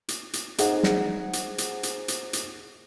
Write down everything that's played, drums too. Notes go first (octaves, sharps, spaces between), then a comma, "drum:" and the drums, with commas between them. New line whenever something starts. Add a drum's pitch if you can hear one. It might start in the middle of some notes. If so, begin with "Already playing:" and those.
drum: hi-hat
drum: hi-hat
D#4 G#4 C5 F#5, drum: hi-hat
drum: snare
drum: hi-hat
drum: hi-hat
drum: hi-hat
drum: hi-hat
drum: hi-hat